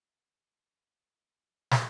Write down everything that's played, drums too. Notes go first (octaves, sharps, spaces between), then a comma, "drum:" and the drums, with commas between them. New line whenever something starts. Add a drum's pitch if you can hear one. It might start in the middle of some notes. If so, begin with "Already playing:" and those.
D4 D5
D4 D5
E4 E5
D#4 D#5
D#4 D#5
D#4 D#5
drum: snare